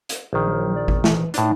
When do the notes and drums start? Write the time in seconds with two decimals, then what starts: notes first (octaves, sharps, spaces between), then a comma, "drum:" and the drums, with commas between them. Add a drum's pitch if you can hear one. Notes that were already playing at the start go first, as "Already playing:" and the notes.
0.09 drum: hi-hat
0.33 A#1 D#3
0.47 F#3
0.76 D5
0.88 drum: kick G#1
1.04 E3, drum: snare
1.34 A2 D4 D#4, drum: hi-hat